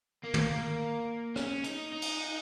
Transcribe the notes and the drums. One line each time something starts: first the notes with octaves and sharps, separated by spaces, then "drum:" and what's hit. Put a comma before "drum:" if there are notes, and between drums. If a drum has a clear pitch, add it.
A#3
drum: tom
C#4, drum: rim click
D#4, drum: hi-hat
D#4
drum: cymbal